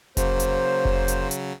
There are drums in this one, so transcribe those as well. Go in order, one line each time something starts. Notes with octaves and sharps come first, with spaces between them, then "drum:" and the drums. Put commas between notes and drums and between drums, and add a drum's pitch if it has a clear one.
C#3 F#3 A#3 C5, drum: kick F1, hi-hat
drum: hi-hat
drum: kick F1
drum: hi-hat
drum: hi-hat